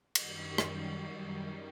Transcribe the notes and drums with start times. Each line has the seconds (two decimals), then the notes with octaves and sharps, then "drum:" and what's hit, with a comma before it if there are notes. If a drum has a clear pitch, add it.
0.15 F#2 D#3 G3, drum: cymbal
0.58 drum: rim click